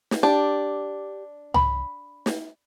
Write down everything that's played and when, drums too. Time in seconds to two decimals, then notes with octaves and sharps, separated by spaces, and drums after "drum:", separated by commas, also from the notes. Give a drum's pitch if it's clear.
0.11 drum: snare
0.23 D4 G4
1.54 B5, drum: tom C2
2.26 drum: snare